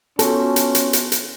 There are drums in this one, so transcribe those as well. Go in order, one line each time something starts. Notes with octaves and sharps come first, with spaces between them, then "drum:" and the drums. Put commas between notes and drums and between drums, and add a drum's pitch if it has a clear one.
B3 C#4 F4 F#4 A4, drum: hi-hat
drum: hi-hat
drum: hi-hat
drum: hi-hat
drum: hi-hat